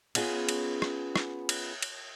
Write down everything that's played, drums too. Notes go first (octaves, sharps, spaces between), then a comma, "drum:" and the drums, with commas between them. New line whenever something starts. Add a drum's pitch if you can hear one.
B3 C#4 F4 G#4, drum: cymbal
drum: cymbal
drum: rim click
drum: rim click
drum: cymbal
drum: cymbal